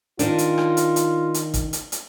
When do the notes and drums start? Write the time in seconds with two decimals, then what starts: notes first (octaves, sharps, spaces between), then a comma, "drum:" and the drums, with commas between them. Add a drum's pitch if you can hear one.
0.19 D#3 D4 F4, drum: hi-hat
0.38 drum: hi-hat
0.58 drum: rim click
0.77 drum: hi-hat
0.96 drum: hi-hat
1.34 drum: hi-hat
1.54 drum: kick, hi-hat
1.73 drum: hi-hat
1.92 drum: hi-hat